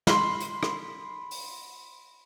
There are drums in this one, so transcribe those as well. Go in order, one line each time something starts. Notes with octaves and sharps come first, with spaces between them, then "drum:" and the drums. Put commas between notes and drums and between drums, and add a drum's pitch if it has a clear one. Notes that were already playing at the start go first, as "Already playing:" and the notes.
B5 C6, drum: snare
drum: hi-hat
drum: rim click
drum: open hi-hat